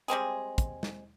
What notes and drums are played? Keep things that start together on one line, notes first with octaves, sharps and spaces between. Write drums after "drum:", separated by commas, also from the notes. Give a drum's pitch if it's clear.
G3 G#3 C4 G#4, drum: hi-hat
drum: kick, hi-hat
drum: snare